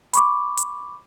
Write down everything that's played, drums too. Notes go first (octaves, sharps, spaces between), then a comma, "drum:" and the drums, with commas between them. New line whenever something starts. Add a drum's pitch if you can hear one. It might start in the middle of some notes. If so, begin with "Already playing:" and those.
B5 C#6 D6, drum: hi-hat
drum: hi-hat